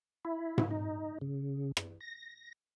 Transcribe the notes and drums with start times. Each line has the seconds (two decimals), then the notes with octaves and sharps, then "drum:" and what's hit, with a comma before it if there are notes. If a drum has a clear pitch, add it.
0.25 E4
0.58 drum: tom G#2
0.71 D#4
1.21 C#3
1.77 drum: rim click
2.01 A#6